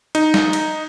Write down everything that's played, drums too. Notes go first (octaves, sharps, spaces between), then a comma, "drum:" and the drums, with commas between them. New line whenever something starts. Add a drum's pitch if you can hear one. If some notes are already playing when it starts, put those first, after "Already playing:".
D#4, drum: cymbal
drum: snare
drum: cymbal